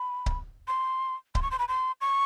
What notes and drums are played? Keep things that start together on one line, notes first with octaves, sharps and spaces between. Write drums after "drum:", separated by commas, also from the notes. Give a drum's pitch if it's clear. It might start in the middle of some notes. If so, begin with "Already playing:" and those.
Already playing: B5
drum: kick C#1
C6
C6, drum: kick C#1
C#6
C6
B5
C6
C#6